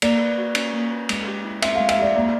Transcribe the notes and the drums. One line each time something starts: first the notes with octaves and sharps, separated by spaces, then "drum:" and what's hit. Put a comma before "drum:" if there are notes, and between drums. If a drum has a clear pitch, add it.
A#3 D5, drum: cymbal
B4
F#4
C#4, drum: cymbal
A#3
B4
G#3, drum: cymbal
G4
E4
C4 E5, drum: cymbal
G#3 F5
E5, drum: cymbal
G4 D5
A#3 D5